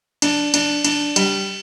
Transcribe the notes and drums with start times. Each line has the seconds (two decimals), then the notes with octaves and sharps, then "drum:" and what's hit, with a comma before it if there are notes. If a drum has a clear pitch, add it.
0.22 D4, drum: cymbal
0.54 D4, drum: cymbal
0.85 D4, drum: cymbal
1.16 G3, drum: cymbal